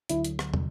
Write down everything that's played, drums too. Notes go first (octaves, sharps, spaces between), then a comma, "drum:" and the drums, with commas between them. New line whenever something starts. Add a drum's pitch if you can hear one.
D2 D3 F#3 E4, drum: hi-hat
drum: hi-hat
drum: rim click
drum: tom